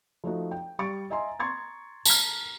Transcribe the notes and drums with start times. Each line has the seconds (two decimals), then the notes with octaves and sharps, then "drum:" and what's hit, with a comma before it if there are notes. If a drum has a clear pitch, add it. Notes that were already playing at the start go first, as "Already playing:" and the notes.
0.24 F3 A3 D#4 F#4
0.51 G5
0.79 G3 C#6 A6 D7
1.10 D#5 E5 G#5 A#5 C6
1.39 A#5 C6 C#6 G#6 A6
2.06 A5 A#5 F6, drum: tambourine